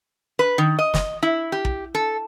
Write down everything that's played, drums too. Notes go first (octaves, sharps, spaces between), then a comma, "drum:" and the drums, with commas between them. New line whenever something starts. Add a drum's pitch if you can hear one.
B4
D#3
D#5
drum: snare
E4
G4
drum: kick
A4